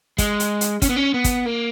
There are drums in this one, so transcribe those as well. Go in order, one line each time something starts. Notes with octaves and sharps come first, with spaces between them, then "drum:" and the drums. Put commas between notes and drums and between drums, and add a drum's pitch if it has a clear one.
G#3, drum: kick, hi-hat
drum: hi-hat
drum: hi-hat
C#4, drum: kick, hi-hat
B3
C#4
B3
drum: kick, hi-hat
A#3